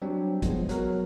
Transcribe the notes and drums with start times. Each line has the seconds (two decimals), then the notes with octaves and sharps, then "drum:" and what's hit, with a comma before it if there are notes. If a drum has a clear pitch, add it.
0.02 F#3 G3 C4 D4
0.42 F3 G#3 B3, drum: kick, hi-hat
0.69 F#3 B3 A#4, drum: hi-hat